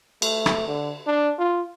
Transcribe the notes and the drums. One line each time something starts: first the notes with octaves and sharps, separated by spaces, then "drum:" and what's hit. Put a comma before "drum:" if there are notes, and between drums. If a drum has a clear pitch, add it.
A3, drum: cymbal
drum: rim click
D3
D4
F4